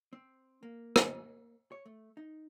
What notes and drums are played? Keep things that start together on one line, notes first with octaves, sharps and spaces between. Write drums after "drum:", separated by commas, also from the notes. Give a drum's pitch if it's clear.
C4
A#3
drum: rim click
C#5
A3
D#4